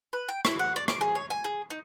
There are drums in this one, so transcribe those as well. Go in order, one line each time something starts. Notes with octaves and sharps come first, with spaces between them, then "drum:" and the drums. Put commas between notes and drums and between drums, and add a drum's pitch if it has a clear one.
B4
G5
E4, drum: rim click
F#5
D5
D6, drum: rim click
G#4
C#5
G#5
G#4
D#4